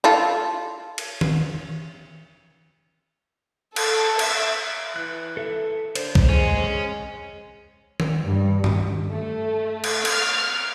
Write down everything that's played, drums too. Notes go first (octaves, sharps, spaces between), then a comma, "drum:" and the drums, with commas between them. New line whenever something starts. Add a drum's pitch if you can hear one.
E4 F4 A4
drum: cymbal
drum: tom D#3
A4, drum: cymbal
E5, drum: cymbal
E3 F#6
A4 E5
D3 C5, drum: cymbal
drum: kick
G#3 C#4 G#4
drum: tom D#3
G2
drum: tom
A3
drum: cymbal
F6, drum: cymbal